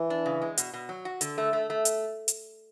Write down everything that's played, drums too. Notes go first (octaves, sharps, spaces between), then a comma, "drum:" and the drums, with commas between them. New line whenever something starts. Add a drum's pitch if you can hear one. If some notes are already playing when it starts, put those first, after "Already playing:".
Already playing: E3
D4
C#3
G#3
B2, drum: hi-hat
B2
F#3
F#4
D3, drum: hi-hat
A3
A3
A3
drum: hi-hat
drum: hi-hat